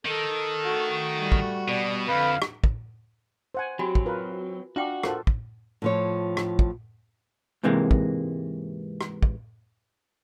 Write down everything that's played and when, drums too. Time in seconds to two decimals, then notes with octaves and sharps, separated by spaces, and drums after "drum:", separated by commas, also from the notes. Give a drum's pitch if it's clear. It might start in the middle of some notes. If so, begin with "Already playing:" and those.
0.05 D#3 A4
0.66 A3 F#4
1.14 G3
1.32 drum: kick
1.68 B2 D5
2.08 F2 D3 B4 F5 B5
2.42 drum: rim click
2.64 drum: kick
3.55 C5 F#5 G#5
3.79 F#3 C4 F#4 G4 G#5 B5
3.95 drum: kick
4.06 F4 A#4 B4
4.76 D4 F4 F#4 F5 G5 D6
5.03 F4 A4 A#4 C5, drum: rim click
5.27 drum: kick
5.82 A2 F3 C#5
6.37 drum: rim click
6.59 drum: kick
7.63 G#2 C3 E3 G#3 A#3
7.91 drum: kick
9.01 drum: rim click
9.23 drum: kick